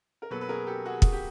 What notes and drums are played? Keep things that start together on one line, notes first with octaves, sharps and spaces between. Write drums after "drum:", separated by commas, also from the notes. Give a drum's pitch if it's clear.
A#4
B2 F#3 A#3 A4 B4
B4
G#4 A#4
G4 A4
F#4 G#4
G#4, drum: kick
G4